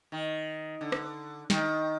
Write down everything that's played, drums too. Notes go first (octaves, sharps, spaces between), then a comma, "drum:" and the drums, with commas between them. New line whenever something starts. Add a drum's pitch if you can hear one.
D#3
D3
drum: rim click
D#3, drum: snare